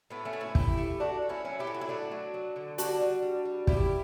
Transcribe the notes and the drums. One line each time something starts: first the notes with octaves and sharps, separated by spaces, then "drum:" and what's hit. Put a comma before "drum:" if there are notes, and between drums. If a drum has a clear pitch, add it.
A2 B3
A3 C#4
A2 F#4
C#4 E4
E3 E4 G4, drum: kick
A3
A3 D4 F#4
A3
C#4 E4
F#3 C#4 E4
E4 G4
A2
F#4
E4
A3 D4 F#4
F#3
F#3
D3
G3 D4 F#4, drum: hi-hat
G3
G3
G3
G3 E4 G4, drum: kick